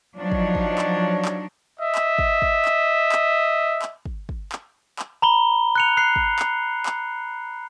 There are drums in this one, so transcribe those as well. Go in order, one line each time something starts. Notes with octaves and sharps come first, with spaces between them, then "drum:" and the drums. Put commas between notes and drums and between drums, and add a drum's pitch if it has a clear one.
F3 F#3 D4 D#4 C#5
drum: kick
drum: kick
drum: clap
drum: clap
D#5 E5
drum: clap
drum: kick
drum: kick
drum: clap
drum: clap
drum: clap
drum: kick
drum: kick
drum: clap
drum: clap
A#5 B5 G7
F#6 C#7 F7
F#6 C7
drum: kick
drum: clap
drum: clap